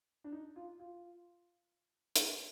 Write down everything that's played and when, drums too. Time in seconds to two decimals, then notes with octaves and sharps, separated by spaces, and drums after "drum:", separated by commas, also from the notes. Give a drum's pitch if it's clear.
0.24 D4
0.32 D#4
0.56 F4
0.80 F4
2.16 drum: hi-hat